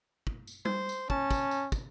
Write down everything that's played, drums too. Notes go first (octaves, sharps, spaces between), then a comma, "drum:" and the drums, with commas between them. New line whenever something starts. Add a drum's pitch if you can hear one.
drum: kick
drum: tambourine
C5, drum: tom G3
drum: tambourine
C#4 A5, drum: kick
drum: kick, tambourine
drum: tambourine
drum: kick, tambourine